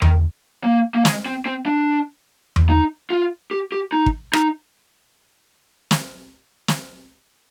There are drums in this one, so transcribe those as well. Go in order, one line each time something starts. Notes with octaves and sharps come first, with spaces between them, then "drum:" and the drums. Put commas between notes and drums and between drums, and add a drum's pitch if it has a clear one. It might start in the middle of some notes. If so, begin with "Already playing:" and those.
D#3, drum: tom E2
A#3
A#3
G#3, drum: snare
C4
C4
D4
drum: tom E2
D#4
F4
G4
G4
D#4
drum: kick
D#4, drum: rim click
drum: snare
drum: snare